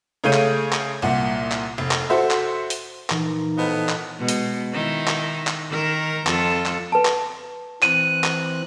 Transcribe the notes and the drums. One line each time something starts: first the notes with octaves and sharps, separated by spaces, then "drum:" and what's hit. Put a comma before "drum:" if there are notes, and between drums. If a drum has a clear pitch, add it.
C#3 A3 C#5 F5 G6 D#7
drum: clap
drum: clap
C2 A#2 F#5
drum: clap
F1
drum: clap
F#4 A4 C5 E5
drum: clap
drum: hi-hat
A#2 E3 D#4, drum: clap
A2 F3 B3 D#5
drum: clap
B2 G#3
drum: hi-hat
D#3 D#4 E4
drum: clap
drum: clap
D#3 A#4
F2 F4 A4, drum: clap
drum: clap
B4 A5
drum: clap
E3 C4 F#6 D#7, drum: clap
drum: clap